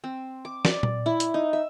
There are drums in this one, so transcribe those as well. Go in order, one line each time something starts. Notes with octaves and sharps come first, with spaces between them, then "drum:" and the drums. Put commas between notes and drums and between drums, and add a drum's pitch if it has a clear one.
C4
D6
D5, drum: snare
drum: tom A#2
E4
drum: hi-hat
D#4
E5